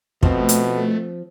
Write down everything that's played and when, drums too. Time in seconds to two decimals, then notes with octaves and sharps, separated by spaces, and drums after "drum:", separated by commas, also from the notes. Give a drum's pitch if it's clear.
0.23 B2 F3 A3 C4, drum: kick
0.49 drum: hi-hat